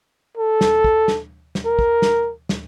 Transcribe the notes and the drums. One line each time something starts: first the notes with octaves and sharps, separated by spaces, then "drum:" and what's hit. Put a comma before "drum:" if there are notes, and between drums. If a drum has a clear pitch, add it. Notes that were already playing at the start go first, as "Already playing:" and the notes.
A4
drum: snare
drum: kick
drum: snare
drum: snare
A#4
drum: kick
drum: snare
drum: snare